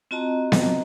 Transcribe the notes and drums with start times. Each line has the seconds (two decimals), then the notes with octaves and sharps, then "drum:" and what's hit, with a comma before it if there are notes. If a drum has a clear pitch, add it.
0.11 C4 F4 F#4 D#5 A5 A#5
0.52 drum: snare B3